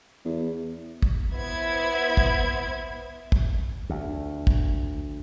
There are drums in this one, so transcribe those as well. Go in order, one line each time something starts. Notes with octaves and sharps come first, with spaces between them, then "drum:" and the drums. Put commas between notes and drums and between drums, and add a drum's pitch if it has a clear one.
E2
drum: kick
B3 E4 C5 G#6
drum: kick
drum: kick
D2
drum: kick